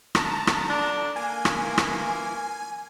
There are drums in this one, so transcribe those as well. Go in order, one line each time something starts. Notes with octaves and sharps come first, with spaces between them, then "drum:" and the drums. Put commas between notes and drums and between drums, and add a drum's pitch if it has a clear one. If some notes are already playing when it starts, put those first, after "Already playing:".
A5 A#5, drum: rim click
drum: rim click
D3 D4
A#3 G#5
drum: rim click
E3 A#3
drum: rim click